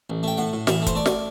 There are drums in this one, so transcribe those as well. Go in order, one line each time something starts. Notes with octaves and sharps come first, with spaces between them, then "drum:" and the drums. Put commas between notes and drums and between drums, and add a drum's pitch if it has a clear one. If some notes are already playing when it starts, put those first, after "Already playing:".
A1
A3 G5
A2 F#5
A2
E3 E5, drum: snare
A3
C5, drum: kick, hi-hat
A3 D5
drum: snare